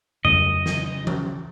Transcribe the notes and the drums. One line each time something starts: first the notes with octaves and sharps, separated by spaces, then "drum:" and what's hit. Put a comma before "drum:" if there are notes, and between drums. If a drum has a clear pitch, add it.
C#3 F#3 D#5, drum: tom F2
drum: snare
drum: tom E3